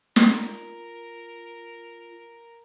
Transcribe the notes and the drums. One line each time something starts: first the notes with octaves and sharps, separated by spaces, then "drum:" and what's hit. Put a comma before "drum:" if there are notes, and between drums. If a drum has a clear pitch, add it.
F4 A#4, drum: snare